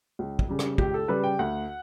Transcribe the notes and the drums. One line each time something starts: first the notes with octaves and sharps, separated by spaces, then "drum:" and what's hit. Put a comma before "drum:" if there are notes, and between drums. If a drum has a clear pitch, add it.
C#2
drum: kick
C#3 G3
drum: rim click
C#2 G4, drum: kick
A4
C#3 G3 B4
G5
D2 F#5